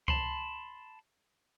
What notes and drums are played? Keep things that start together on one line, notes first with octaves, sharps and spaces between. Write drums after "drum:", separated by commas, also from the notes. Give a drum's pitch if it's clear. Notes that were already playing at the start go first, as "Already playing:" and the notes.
A5 B5 C6, drum: kick C#2